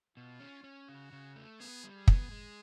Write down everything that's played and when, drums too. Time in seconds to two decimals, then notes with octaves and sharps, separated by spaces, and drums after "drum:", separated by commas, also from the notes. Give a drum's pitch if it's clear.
0.17 B2 F4
0.40 C#4
0.64 C#4
0.88 C#3 F#4
1.12 C#3
1.36 A3
1.60 B3 G#4
1.84 G3
1.95 G#4
2.08 B3, drum: kick
2.31 G#3